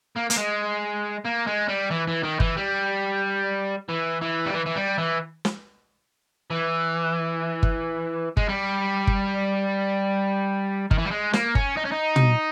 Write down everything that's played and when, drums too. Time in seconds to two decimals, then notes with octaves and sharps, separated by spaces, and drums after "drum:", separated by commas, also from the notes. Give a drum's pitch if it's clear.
0.16 A#3
0.30 A#3, drum: hi-hat
0.37 G#3
1.25 A#3
1.47 G#3
1.68 G3
1.90 E3
2.08 E3
2.23 D#3
2.40 E3, drum: kick G1
2.57 G3
3.89 E3
4.21 E3
4.46 G3
4.54 E3
4.66 E3
4.76 G3
4.98 E3
5.45 drum: snare
6.51 E3
7.63 drum: kick G1
8.37 G#3, drum: kick G1
8.48 G3
9.07 drum: kick G1
10.91 D#3, drum: kick G1
10.98 E3
11.05 G3
11.11 G#3
11.33 A#3, drum: snare
11.55 C#4, drum: kick G1
11.77 D#4
11.85 C#4
11.92 D#4
12.16 drum: tom